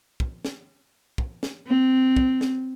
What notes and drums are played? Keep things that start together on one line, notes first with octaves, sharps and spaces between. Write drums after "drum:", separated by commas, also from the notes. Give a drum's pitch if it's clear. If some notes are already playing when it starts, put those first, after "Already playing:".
drum: kick
drum: snare
drum: kick
drum: snare
C4
drum: kick
drum: snare